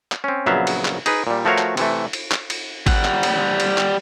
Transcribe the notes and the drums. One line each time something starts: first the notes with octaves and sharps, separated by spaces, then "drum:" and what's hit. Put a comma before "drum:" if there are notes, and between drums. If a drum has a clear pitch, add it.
drum: clap
C4 C#4
A#1 C#3 F#3 B3 E5 F5
drum: cymbal
drum: clap
D#4 G#4 B4, drum: cymbal
A#2 G3
F3 A3 F#4 A#4 C#5 F5
drum: clap
C3 E3 A3, drum: cymbal
drum: cymbal
drum: clap
drum: cymbal
G3 F#5, drum: kick G#1, cymbal
drum: clap
drum: cymbal
drum: cymbal
drum: clap